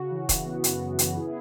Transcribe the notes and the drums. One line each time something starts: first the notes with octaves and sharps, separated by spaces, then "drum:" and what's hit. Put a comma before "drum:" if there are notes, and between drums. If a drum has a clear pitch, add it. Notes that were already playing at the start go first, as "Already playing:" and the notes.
Already playing: C#3 F#4
E3
C#3, drum: kick E1, hi-hat
B3
F#2, drum: hi-hat
E3
C#3, drum: hi-hat
B3 E4 G#4